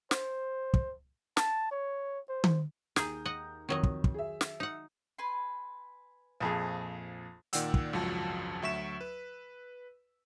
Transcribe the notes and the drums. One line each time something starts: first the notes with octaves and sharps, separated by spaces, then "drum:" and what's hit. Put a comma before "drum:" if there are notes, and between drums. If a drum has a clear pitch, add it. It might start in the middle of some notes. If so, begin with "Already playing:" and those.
C5, drum: snare
drum: kick
A5, drum: snare
C#5
C5
drum: tom D#3
D#2 G#4 A#5 G6, drum: snare
D#5 F#5
F2 D#3 F#3 D#5
drum: kick
drum: kick
G#4 E5
drum: snare
D#4 F#5
B4 G#5 C6
A#1 F2 G#4
A#2 D#3 D5 F#5 G5 E6, drum: hi-hat
drum: kick
G#1 C#2 F#2 F3 F#4 A5
D2 F#3 E5 C#6 B6 E7
B4